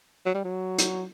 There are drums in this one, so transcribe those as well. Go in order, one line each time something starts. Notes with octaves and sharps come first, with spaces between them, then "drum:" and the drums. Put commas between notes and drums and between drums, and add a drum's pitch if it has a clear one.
F#3
G3
F#3
drum: hi-hat